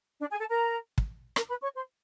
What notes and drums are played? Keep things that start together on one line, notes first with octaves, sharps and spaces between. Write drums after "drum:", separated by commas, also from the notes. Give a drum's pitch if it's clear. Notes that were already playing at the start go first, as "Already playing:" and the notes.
D4 D5
G#4 G#5
A4 A5
A#4 A#5
drum: kick
A#4 A#5, drum: rim click
B4 B5
C#5 C#6
C5 C6